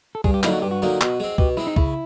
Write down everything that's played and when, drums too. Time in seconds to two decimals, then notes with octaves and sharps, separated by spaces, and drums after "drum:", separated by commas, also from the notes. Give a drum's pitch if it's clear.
0.15 A4
0.24 G2 G#4, drum: kick
0.34 G4
0.43 D3 F#3 A#3 D#4 E4, drum: clap
0.53 F#4
0.62 G2 G4
0.71 F#4
0.82 D3 F#3 A#3 D#4
1.01 B2, drum: clap
1.20 G#3 C4
1.38 B2 G4, drum: kick
1.57 G#3 C4 E4
1.67 D#4
1.76 C#3 E4, drum: kick